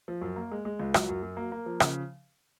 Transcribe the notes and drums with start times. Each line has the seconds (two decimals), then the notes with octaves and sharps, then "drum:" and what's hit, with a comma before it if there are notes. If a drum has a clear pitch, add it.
0.08 F3
0.21 F#2
0.36 A#3
0.51 G#3
0.65 G#3
0.80 C#2
0.94 F#3, drum: rim click
1.09 F#2
1.23 F#3
1.37 A#3
1.52 A#3
1.66 F3
1.80 C#3, drum: rim click